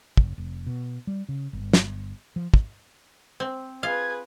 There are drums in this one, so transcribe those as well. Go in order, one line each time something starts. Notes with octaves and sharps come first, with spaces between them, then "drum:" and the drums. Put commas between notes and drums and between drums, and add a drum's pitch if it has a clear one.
F#1, drum: kick
F1
B2
G3
C#3
G1
drum: snare
F3
drum: kick
C4
F4 G#4 B4 F5 G#6